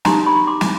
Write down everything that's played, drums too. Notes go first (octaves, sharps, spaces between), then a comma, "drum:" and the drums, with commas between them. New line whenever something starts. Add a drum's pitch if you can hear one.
D#4 G4 A#4 A#5 C6, drum: snare
B5 C#6
C6 D6
drum: snare